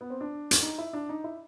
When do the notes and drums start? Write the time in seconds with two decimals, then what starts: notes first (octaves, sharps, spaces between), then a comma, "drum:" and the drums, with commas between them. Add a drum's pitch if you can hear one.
0.01 B3
0.10 C4
0.21 D4
0.51 drum: hi-hat
0.62 D#4
0.78 E4
0.93 D4
1.09 D#4
1.24 E4